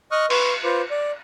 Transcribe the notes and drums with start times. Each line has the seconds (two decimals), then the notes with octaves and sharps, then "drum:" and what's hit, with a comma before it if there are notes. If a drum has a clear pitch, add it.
0.12 D#5 C#6 D#6 F6 F#6
0.30 B4 C6 C#6, drum: cymbal
0.64 F4 B4 C5 D6
0.91 D5